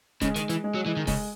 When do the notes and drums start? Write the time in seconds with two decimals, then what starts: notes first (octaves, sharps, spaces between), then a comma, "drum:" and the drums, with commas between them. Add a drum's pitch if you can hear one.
0.21 C#3 G#3, drum: kick E1, hi-hat
0.36 D#3, drum: hi-hat
0.49 E3, drum: hi-hat
0.64 G#3
0.75 F#3
0.85 E3 G#3
0.97 D#3
1.07 C#3 G#3, drum: kick E1, open hi-hat